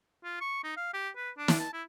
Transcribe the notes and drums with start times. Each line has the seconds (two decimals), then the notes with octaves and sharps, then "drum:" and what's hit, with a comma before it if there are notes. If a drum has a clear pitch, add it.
0.24 F4
0.41 C#6
0.64 D#4
0.77 F5
0.93 G4
1.16 B4
1.38 D4
1.48 drum: snare
1.60 A5
1.73 E4